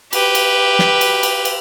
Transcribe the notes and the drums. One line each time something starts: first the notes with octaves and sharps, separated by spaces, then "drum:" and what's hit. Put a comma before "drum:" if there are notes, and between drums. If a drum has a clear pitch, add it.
G4 B4, drum: cymbal
drum: cymbal
drum: snare
drum: cymbal
drum: cymbal
drum: cymbal